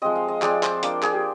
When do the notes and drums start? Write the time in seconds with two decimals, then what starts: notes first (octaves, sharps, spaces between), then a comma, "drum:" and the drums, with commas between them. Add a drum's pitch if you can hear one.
0.02 F3 G#3 C4 D#5
0.16 F5
0.28 D#5
0.42 F3 G#3 C4 D5, drum: clap
0.63 C5, drum: clap
0.83 A#3 D4 F4 A#4, drum: hi-hat
1.03 G#4, drum: clap
1.13 G4